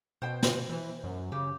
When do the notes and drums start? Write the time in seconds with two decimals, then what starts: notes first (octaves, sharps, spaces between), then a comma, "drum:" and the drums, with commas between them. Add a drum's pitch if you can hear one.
0.22 B2 C5 G5
0.43 drum: snare
0.69 E3
1.04 F#2
1.32 C#3 G4